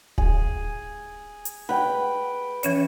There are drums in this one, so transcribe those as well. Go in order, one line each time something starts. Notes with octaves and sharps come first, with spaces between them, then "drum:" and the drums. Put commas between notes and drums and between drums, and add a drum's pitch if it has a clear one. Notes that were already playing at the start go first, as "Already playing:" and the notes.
G#4, drum: kick D1
drum: hi-hat
B4 F#5 G5
E3 C#4 C#5, drum: hi-hat